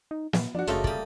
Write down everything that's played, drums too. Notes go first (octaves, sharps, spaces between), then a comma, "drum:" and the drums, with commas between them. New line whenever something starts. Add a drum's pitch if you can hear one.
D#4
A#2, drum: snare
F3 D4 F#4
F#1 F#2 C#3 A3 F4 G4 A4 D#5
G3 A#3 D5 D#6, drum: kick